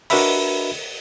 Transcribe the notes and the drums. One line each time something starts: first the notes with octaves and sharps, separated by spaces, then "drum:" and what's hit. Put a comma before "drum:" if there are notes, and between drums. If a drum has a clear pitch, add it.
D4 F#4 A#4 B4 E5 B5, drum: open hi-hat